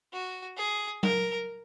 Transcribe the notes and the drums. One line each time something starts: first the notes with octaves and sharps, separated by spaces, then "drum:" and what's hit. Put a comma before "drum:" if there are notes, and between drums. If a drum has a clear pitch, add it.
F#4
G#4
A#4, drum: tom F#3